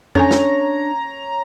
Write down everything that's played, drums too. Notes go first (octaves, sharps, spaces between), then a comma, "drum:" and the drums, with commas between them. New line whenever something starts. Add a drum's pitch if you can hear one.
C#4 D4 A4 C#5 G#5 A#5, drum: tom F2
drum: snare